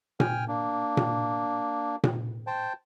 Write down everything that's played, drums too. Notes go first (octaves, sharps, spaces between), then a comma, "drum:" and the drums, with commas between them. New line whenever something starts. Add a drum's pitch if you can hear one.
G5 G#5 F6, drum: tom A#2
A#3 D4
drum: tom A#2
drum: tom A#2
C5 G5 A5